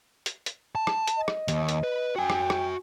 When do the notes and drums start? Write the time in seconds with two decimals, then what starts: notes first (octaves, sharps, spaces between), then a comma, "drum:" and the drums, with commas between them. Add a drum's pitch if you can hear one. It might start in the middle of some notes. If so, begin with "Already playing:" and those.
0.26 drum: hi-hat
0.46 drum: hi-hat
0.75 A5
0.87 drum: rim click
1.07 drum: hi-hat
1.17 D#5
1.28 drum: rim click
1.48 D#2, drum: hi-hat
1.69 drum: hi-hat
1.83 B4
2.16 F#4 G5 G#5
2.30 drum: rim click
2.50 drum: rim click